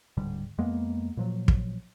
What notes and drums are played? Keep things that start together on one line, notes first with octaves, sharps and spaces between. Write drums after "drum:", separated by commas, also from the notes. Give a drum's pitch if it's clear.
D1 G#2 D3 G3
F2 G#3 A#3 B3
A#2 F3 F#3
drum: kick